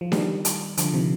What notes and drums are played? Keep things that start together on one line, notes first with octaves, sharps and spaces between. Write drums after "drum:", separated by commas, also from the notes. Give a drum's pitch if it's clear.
F3
D#3 G3, drum: snare D4
drum: hi-hat
D3 F3, drum: hi-hat
C3 D#3